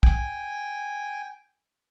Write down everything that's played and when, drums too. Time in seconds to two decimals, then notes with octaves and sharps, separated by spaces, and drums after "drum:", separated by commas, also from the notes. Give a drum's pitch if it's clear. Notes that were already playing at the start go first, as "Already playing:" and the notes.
0.03 G5 G#5, drum: kick